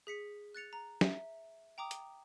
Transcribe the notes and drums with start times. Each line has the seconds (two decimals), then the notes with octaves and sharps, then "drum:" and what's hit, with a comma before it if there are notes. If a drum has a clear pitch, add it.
0.07 G#4 B6 C#7
0.55 F#6 A6 C#7 F7
0.73 A#5
1.01 E5, drum: snare
1.78 G5 A#5 D6 D#6
1.91 drum: hi-hat